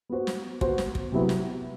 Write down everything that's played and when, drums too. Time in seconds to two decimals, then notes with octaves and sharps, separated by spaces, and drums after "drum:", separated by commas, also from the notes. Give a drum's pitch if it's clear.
0.09 B3 F#4 C5
0.27 drum: snare
0.61 B3 F#4 C5, drum: kick
0.78 drum: snare
0.95 drum: kick
1.12 C3 F#3 B3 E4
1.29 drum: snare